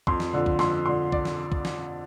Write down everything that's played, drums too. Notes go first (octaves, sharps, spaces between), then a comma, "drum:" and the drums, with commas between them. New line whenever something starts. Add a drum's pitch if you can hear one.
F2 C6, drum: kick
drum: snare
D3 F3
drum: kick
F2 C6, drum: snare
D3 F3 C6
D5, drum: kick
drum: snare
drum: kick
drum: snare